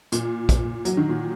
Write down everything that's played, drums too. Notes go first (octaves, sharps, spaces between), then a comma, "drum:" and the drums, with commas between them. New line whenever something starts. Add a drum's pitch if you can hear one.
A#2, drum: hi-hat
drum: kick, hi-hat
F#3, drum: hi-hat
D#3
A#2